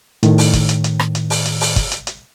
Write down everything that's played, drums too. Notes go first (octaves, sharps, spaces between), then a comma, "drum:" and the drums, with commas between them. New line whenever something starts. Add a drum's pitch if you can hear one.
A2 D#3, drum: hi-hat
drum: open hi-hat
drum: kick, hi-hat
drum: hi-hat
drum: hi-hat
drum: rim click
drum: hi-hat
drum: open hi-hat
drum: hi-hat
drum: open hi-hat
drum: kick, hi-hat
drum: hi-hat
drum: hi-hat